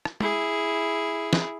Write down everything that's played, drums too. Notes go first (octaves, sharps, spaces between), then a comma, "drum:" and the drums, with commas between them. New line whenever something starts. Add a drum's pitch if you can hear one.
drum: rim click
E4 G#4, drum: tom
drum: snare